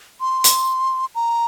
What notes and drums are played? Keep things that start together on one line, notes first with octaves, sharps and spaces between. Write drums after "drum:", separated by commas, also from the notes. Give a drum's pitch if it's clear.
C6
drum: hi-hat
A#5